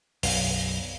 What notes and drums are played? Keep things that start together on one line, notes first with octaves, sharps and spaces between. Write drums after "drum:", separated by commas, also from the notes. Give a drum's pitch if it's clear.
B1 F#2, drum: open hi-hat